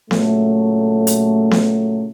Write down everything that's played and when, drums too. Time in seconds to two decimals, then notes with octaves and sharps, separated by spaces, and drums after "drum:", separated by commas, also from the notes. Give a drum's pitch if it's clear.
0.11 A#2 C#3 F#3 A3, drum: snare B3
1.07 drum: hi-hat
1.51 drum: snare B3